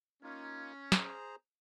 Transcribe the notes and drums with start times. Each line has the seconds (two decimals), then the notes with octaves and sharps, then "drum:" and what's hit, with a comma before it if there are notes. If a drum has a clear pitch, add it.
0.23 A#3 C#4 D#4 F4
0.92 G#4 C5 A#5, drum: snare